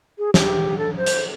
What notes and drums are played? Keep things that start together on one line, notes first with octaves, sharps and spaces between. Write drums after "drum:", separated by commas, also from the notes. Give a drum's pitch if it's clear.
G#4
G4, drum: snare
A4
C5
drum: hi-hat